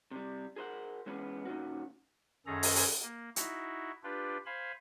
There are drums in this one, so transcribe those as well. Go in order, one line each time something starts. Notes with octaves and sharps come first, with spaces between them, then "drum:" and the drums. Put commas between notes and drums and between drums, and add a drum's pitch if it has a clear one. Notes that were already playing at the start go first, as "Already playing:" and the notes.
C3 G3
G#4 A#4 C5 D#5 F#5
E3 G#3 B3 C#4 G#4
A#2 D#3 G#3 C#4 F#4
F#2 D#3 C#4 G#4 A4 A#5
drum: open hi-hat
drum: open hi-hat
A#3
D#4 E4 F#4, drum: hi-hat
D4 F4 G4 B4
C5 F5 G#5 B5